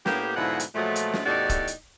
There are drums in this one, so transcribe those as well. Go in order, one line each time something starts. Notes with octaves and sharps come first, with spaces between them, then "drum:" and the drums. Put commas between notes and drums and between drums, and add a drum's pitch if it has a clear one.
A2 A#3 B3 G4, drum: snare
G#2 B2 D3 F3 E4 F#5
drum: hi-hat
A#2 F3 F#3 G#3 A3
drum: hi-hat
drum: snare
E2 A2 D#4 F#4 G4 D5
drum: kick, hi-hat
drum: hi-hat